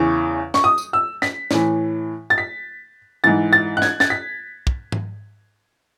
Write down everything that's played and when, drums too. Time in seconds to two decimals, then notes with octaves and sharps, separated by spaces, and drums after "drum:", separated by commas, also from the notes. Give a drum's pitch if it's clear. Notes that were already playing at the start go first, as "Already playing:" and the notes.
Already playing: E2 C#3 E3 C#6
0.54 C#6, drum: snare
0.64 D#6
0.78 drum: tambourine
0.93 E6
1.22 B6, drum: snare
1.51 A2 E3, drum: snare
2.30 A6
2.38 B6
3.24 G#2 E3 A6
3.53 A6
3.77 F#6
3.82 G#6, drum: snare
4.00 A6, drum: snare
4.10 B6
4.67 drum: kick
4.92 drum: tom